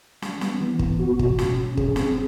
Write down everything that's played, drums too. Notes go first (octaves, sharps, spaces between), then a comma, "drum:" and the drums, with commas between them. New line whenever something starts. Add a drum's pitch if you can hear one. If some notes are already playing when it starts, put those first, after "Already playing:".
G3, drum: snare
B3, drum: snare
E3
B3, drum: kick
F#4
B2, drum: kick
B2, drum: snare
C#4
G#4, drum: kick
C4, drum: snare